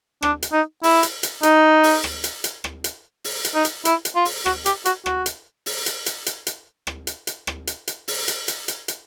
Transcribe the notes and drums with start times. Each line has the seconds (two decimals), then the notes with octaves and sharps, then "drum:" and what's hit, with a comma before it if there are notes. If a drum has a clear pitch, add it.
0.22 D4, drum: rim click
0.42 drum: hi-hat
0.52 D#4
0.83 E4, drum: open hi-hat
1.03 drum: hi-hat
1.23 drum: hi-hat
1.43 D#4, drum: hi-hat
1.83 drum: open hi-hat
2.04 drum: rim click
2.24 drum: hi-hat
2.44 drum: hi-hat
2.64 drum: rim click
2.84 drum: hi-hat
3.24 drum: open hi-hat
3.45 drum: hi-hat
3.55 D#4
3.65 drum: hi-hat
3.85 E4, drum: hi-hat
4.05 drum: hi-hat
4.15 F4
4.25 drum: open hi-hat
4.46 F#4, drum: rim click
4.66 G4, drum: hi-hat
4.85 F#4, drum: hi-hat
5.06 F#4, drum: rim click
5.26 drum: hi-hat
5.66 drum: open hi-hat
5.86 drum: hi-hat
6.06 drum: hi-hat
6.26 drum: hi-hat
6.47 drum: hi-hat
6.87 drum: rim click
7.07 drum: hi-hat
7.27 drum: hi-hat
7.47 drum: rim click
7.67 drum: hi-hat
7.87 drum: hi-hat
8.08 drum: open hi-hat
8.28 drum: hi-hat
8.48 drum: hi-hat
8.68 drum: hi-hat
8.88 drum: hi-hat